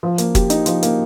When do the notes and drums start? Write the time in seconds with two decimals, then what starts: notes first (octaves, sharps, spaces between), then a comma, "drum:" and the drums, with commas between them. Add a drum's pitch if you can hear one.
0.03 F3
0.18 A#3, drum: hi-hat
0.35 G4, drum: kick, hi-hat
0.50 D#4, drum: hi-hat
0.66 F3, drum: hi-hat
0.83 A#3, drum: hi-hat